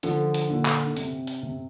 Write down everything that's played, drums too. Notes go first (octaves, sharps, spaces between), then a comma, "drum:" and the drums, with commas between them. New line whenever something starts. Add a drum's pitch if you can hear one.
D3 F3, drum: hi-hat
drum: hi-hat
A#2 D3
drum: clap
D3
C3, drum: hi-hat
drum: hi-hat
C3